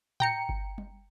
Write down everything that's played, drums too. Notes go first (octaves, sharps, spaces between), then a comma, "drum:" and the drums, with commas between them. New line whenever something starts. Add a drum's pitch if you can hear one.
G5 A#5 C#7, drum: tom A2
drum: kick G1
drum: tom